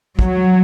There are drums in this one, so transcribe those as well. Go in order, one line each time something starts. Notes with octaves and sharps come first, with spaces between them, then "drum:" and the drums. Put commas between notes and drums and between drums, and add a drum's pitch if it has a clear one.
F#3, drum: kick